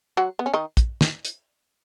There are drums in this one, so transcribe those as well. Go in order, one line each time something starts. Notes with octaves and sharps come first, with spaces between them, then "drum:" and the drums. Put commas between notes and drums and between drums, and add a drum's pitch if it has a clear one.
F#3 F#4
B3
C#4
D#3 D#4
drum: kick, hi-hat
drum: snare
drum: hi-hat